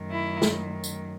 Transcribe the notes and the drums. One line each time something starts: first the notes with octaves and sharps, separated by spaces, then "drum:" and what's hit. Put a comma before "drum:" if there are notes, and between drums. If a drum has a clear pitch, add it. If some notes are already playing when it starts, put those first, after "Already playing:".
Already playing: F#2 D#3 F#3 A3
E4
drum: snare
drum: tambourine